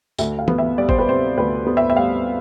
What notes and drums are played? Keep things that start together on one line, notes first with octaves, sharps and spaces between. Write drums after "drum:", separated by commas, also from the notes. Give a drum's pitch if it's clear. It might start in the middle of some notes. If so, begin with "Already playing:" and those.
D2 E5, drum: tambourine
F5
B3, drum: tom E3
E5
G3 D5
C5, drum: kick G#1
B4
C3 C5
D2 B4
B3
E5
E5
G3 F5